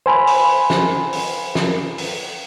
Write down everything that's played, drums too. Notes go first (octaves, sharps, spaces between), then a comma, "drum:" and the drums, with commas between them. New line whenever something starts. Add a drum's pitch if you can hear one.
C5 G#5 B5
drum: open hi-hat
drum: snare
drum: open hi-hat
drum: snare
drum: open hi-hat